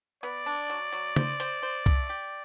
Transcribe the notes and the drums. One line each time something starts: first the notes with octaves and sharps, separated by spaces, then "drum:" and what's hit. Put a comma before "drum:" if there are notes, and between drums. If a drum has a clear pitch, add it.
B3 D5
D4
F#3
F#3
C5, drum: tom
C5, drum: hi-hat
C5
A3, drum: kick
G4